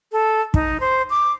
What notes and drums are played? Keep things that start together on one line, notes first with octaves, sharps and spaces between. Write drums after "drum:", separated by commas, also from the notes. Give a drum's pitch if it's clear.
A4
D#4, drum: kick
C5
D6